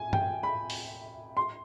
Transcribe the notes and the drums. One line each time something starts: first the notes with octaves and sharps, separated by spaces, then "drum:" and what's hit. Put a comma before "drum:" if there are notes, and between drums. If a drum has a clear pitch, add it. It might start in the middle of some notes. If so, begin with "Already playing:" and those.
Already playing: G#5
G5, drum: tom G2
B5
drum: open hi-hat
C6